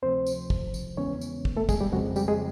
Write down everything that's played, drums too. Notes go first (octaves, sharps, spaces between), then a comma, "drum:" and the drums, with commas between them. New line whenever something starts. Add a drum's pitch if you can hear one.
D2 C3 F3 A3 C4 C5
drum: tambourine
drum: kick
drum: tambourine
E2 C#3 E3 G#3 B3 C#4 C#5
drum: tambourine
drum: kick
A3 A4
G#3 G#4, drum: kick, tambourine
G3 G4
F2 C#3 F3 F#3 G#3 C4 F#4
G3 G4, drum: tambourine
G#3 G#4